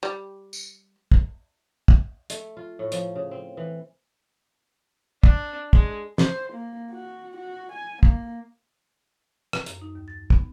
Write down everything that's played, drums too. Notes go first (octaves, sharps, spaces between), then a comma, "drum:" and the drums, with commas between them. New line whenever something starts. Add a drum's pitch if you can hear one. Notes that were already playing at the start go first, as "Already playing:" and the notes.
G3
drum: tambourine
drum: kick
drum: kick
A3, drum: hi-hat
F4
A2
F3, drum: hi-hat
C#3
C4
E3
D4, drum: kick
G#3, drum: kick
C5, drum: snare
A#3
F#4
F#4
G#5
A#3, drum: kick
drum: rim click
F#2, drum: hi-hat
D#4
D#2
A6
B3, drum: kick